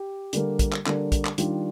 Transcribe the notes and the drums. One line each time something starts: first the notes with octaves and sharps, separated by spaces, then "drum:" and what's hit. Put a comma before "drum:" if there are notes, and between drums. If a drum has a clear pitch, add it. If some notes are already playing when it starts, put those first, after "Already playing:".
Already playing: G4
D3 G3 A#3, drum: hi-hat
drum: kick, hi-hat
drum: clap
D3 G3 A#3, drum: clap
drum: kick, hi-hat
drum: clap
D#3 G3 D4 F4, drum: hi-hat